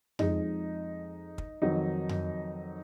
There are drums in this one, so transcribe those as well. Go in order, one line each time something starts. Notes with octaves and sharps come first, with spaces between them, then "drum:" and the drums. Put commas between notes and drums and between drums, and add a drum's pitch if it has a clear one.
F2 F3 G#3 D#4, drum: tom F2
drum: kick
F2 D#3 F#3 D#4
drum: tom F2